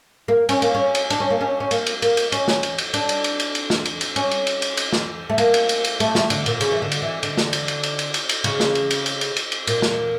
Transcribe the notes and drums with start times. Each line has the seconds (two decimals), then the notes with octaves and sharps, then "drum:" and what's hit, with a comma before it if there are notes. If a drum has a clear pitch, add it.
0.28 A#3
0.49 C#4, drum: cymbal
0.62 A#3, drum: cymbal
0.75 C#4
0.95 drum: cymbal
1.10 D4, drum: cymbal
1.20 C#4
1.30 A#3
1.41 C#4
1.60 C#4
1.71 A#3, drum: cymbal
1.86 drum: cymbal
2.02 A#3, drum: cymbal
2.17 drum: cymbal
2.32 C#4, drum: cymbal
2.48 drum: snare
2.63 drum: cymbal
2.78 drum: cymbal
2.94 D4, drum: cymbal
3.09 drum: cymbal
3.24 drum: cymbal
3.40 drum: cymbal
3.55 drum: cymbal
3.70 drum: snare
3.85 drum: cymbal
4.01 drum: cymbal
4.16 C#4, drum: cymbal
4.31 drum: cymbal
4.47 drum: cymbal
4.62 drum: cymbal
4.77 drum: cymbal
4.93 drum: snare
5.30 A3
5.38 A#3, drum: cymbal
5.54 drum: cymbal
5.69 drum: cymbal
5.84 drum: cymbal
6.00 A3, drum: cymbal
6.15 A3, drum: snare
6.30 D3, drum: cymbal
6.46 A#2, drum: cymbal
6.61 C#3, drum: cymbal
6.71 E3
6.82 D3
6.92 drum: cymbal
7.02 E3
7.23 D3, drum: cymbal
7.37 drum: snare
7.53 drum: cymbal
7.68 drum: cymbal
7.83 drum: cymbal
7.99 drum: cymbal
8.14 drum: cymbal
8.29 drum: cymbal
8.44 C#3, drum: cymbal
8.60 drum: snare
8.75 drum: cymbal
8.91 drum: cymbal
9.06 drum: cymbal
9.21 drum: cymbal
9.36 drum: cymbal
9.52 drum: cymbal
9.67 A#2, drum: cymbal
9.82 drum: snare